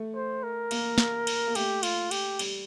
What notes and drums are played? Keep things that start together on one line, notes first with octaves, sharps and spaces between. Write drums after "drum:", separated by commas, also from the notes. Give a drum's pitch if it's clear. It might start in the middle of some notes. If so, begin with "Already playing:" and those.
Already playing: A3
C5
A#4
A#3, drum: cymbal
A#3, drum: snare
drum: cymbal
A#3
A3 G4, drum: cymbal
F4, drum: cymbal
G4, drum: cymbal
G3, drum: cymbal